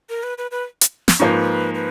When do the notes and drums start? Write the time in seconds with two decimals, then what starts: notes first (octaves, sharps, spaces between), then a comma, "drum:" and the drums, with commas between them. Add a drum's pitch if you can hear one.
0.10 A#4
0.23 B4
0.38 B4
0.51 B4
0.81 drum: hi-hat
1.08 drum: snare
1.20 G#2 F3 A#3 B4
1.75 B4